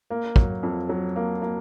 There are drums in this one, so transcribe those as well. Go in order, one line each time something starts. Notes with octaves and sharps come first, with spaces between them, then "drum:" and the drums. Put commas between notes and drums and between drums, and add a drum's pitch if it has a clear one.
A#3
F#3, drum: kick
F2
F#3
A#3
A#3